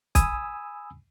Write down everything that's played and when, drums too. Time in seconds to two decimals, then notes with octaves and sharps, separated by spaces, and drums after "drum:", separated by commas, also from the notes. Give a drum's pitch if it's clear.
0.15 G#5 B5 D#6 E6, drum: kick, hi-hat